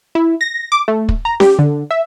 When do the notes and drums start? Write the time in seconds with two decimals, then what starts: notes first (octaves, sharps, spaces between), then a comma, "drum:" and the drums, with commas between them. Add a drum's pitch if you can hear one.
0.15 E4
0.41 A#6
0.72 D6
0.88 A3
1.09 drum: kick
1.25 A#5
1.40 G4, drum: snare C#4
1.59 D3
1.91 E5